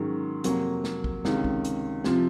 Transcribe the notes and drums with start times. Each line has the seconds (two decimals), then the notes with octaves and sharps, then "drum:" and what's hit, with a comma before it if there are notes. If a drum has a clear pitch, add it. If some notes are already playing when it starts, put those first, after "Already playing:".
Already playing: G#2 D#3 F#3 C#4
0.44 F2 C3 F#3 A#3, drum: hi-hat
0.84 drum: snare
1.04 drum: kick
1.25 C#2 C3 D#3, drum: snare
1.44 drum: kick
1.64 drum: hi-hat
2.04 C3 F3 C4 F4, drum: snare